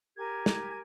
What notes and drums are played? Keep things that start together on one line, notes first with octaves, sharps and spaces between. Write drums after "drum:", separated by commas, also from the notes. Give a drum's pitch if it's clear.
G4 A#4 G#5 G#6
drum: snare